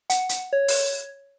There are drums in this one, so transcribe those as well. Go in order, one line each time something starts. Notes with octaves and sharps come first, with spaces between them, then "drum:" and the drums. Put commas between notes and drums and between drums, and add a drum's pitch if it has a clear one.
F#5, drum: hi-hat
drum: hi-hat
C#5
drum: open hi-hat